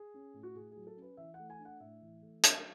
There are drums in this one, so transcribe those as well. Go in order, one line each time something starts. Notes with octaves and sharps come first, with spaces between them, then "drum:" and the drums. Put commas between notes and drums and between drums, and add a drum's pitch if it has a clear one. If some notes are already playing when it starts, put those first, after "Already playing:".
Already playing: G#4
C#4
A2
F#4
A2 G#4
F#3 G#4
A4
C#4
B4
E3 E5
A3 F#5
G#5
D4
F#5
A2 E5
E3
A3
F#3, drum: hi-hat